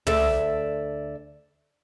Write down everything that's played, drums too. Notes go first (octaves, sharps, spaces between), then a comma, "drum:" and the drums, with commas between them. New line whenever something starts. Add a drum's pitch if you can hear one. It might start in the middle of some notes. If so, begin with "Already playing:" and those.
D2 A4 D5 E5, drum: tom